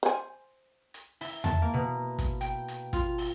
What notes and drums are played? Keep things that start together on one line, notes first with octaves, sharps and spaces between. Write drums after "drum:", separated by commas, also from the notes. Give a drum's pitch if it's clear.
C5 G#5
drum: hi-hat
E4, drum: open hi-hat
A5, drum: tom E2
A#3
B2
drum: kick, hi-hat
G5, drum: hi-hat
drum: hi-hat
F4, drum: kick, hi-hat
drum: open hi-hat